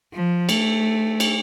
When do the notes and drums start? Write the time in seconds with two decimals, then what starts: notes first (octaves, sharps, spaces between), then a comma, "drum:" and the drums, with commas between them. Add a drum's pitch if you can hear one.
0.13 F3
0.49 A3, drum: cymbal
1.20 drum: cymbal